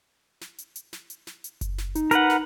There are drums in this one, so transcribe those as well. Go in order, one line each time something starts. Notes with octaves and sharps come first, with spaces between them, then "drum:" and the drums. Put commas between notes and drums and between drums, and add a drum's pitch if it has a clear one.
drum: snare
drum: hi-hat
drum: hi-hat
drum: snare
drum: hi-hat
drum: snare
drum: hi-hat
drum: kick F#1, hi-hat
drum: snare
D#4, drum: hi-hat
A#4 B4 F#5, drum: hi-hat
drum: snare